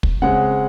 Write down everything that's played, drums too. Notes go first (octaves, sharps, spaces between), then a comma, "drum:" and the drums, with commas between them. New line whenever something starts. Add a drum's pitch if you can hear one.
drum: kick
C#3 G#3 C4 F#5